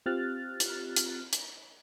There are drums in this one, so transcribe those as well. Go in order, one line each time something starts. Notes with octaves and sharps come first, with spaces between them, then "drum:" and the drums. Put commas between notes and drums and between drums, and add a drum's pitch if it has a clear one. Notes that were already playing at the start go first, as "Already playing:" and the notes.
C4 F4 G4 F6 F#6 A6
drum: hi-hat
drum: hi-hat
drum: hi-hat